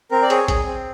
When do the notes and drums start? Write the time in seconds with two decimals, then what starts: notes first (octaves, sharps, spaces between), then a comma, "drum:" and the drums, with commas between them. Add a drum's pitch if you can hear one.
0.11 C4 A#4
0.22 D5
0.30 G#4 C#5, drum: hi-hat
0.48 G#4, drum: kick, hi-hat
0.67 C4